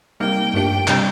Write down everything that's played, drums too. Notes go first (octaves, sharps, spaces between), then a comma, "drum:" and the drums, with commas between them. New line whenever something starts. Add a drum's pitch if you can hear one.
C3 G3 A#3 D#4 A#4 G5
G2 F3 A3 D4 G4 G5
C3 G3 C4, drum: clap